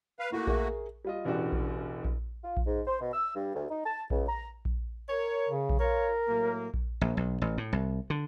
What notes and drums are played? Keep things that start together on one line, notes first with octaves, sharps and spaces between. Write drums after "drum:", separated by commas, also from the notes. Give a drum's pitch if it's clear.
B4 F5
A3 A#3 E4 F#4
G#4 A#4 E5, drum: kick A#1
G3 F4 D#5
E1 A1 E3 D4 F#4 G4
drum: kick A#1
drum: kick A#1
F4
drum: kick A#1
G#2
C5
B2
E6
G2
D2
D#4
A5
C#2, drum: kick A#1
A#5
drum: kick A#1
A#4 C#5
C#3
drum: kick A#1
F4 A#4 C#5
A2 F#3 A#3
drum: kick A#1
A#1
B1
A1
A2
C2
D3